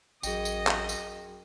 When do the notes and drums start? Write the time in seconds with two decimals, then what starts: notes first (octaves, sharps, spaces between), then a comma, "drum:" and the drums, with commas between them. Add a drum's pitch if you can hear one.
0.23 A1 F#2 G#4 D#5 G5, drum: tambourine
0.45 drum: tambourine
0.67 drum: clap
0.89 drum: tambourine